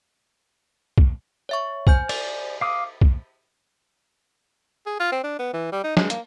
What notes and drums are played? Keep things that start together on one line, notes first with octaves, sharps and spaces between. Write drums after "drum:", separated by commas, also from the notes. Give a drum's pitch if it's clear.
drum: kick
C#5 E5 C#6
C5 G#5 G6, drum: kick
D5, drum: cymbal
F5 D6 D#6
drum: kick
G#4
F4
C4
D4
B3
E3
G3
D#4
G#3, drum: snare
A#3, drum: hi-hat